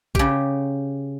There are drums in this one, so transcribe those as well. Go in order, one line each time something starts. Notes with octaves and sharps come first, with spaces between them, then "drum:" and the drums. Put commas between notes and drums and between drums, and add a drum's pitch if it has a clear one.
C#3 G4, drum: kick